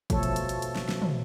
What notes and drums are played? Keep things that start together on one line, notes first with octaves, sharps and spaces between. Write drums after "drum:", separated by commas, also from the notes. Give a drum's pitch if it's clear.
B2 F3 A3 A4 C#5, drum: kick, hi-hat
drum: hi-hat
drum: hi-hat
drum: hi-hat
drum: hi-hat
drum: snare
drum: snare
drum: tom